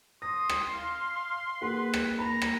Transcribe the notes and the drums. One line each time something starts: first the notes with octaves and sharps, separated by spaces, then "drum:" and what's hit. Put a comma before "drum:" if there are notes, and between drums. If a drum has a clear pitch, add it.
C6 D#6 A#6
drum: rim click
F5
A#3 G#4 B4 F#5
drum: rim click
A#3 A#5 B5
drum: rim click